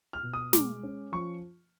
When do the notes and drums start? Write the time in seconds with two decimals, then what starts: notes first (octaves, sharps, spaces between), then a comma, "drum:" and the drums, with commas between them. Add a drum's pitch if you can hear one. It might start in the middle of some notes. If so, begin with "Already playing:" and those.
0.13 F6
0.23 B2
0.33 D#6
0.53 G#3 D6, drum: snare
0.83 C#4
1.12 F3 C#6